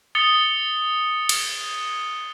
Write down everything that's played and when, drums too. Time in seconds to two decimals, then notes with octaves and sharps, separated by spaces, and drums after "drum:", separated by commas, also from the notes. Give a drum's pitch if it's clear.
0.15 D#6 A6 C#7 G7
1.29 drum: cymbal